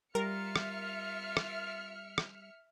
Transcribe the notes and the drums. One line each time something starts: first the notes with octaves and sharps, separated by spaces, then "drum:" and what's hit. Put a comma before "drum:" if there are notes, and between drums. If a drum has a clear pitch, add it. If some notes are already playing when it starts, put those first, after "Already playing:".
G3 F4 A#4 E5 F6 C#7
drum: rim click
drum: rim click
drum: rim click